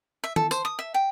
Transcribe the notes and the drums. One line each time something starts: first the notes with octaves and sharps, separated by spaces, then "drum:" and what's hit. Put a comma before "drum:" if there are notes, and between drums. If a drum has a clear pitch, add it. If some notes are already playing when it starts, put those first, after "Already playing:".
E5
A4, drum: tom D#3
C5, drum: tambourine
D#6
E5
G5